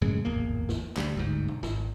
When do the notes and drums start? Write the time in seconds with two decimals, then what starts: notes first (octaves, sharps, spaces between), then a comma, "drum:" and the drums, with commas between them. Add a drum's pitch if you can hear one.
0.02 F#2 A2 C#3 G#3
0.25 D1 G#1 E2 A#3
0.69 drum: snare
0.97 D2 G3, drum: clap
1.15 G1 D2 G#2
1.48 drum: tom B2
1.63 G#1, drum: snare